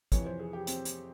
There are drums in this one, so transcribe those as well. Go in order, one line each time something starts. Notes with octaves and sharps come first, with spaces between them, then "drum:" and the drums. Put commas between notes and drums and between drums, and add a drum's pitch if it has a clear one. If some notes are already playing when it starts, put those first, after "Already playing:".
F2 C3 E3 C#5, drum: kick, hi-hat
C5
G#4
G4
C4, drum: hi-hat
drum: hi-hat